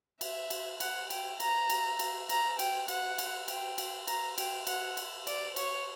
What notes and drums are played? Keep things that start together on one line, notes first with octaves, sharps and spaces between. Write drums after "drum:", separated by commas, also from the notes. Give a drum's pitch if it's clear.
E5, drum: cymbal
drum: cymbal
F#5, drum: cymbal
G5, drum: cymbal
A#5, drum: cymbal
drum: cymbal
drum: cymbal
A#5, drum: cymbal
G5, drum: cymbal
F#5, drum: cymbal
drum: cymbal
G5, drum: cymbal
drum: cymbal
A#5, drum: cymbal
G5, drum: cymbal
F#5, drum: cymbal
drum: cymbal
D5, drum: cymbal
C#5, drum: cymbal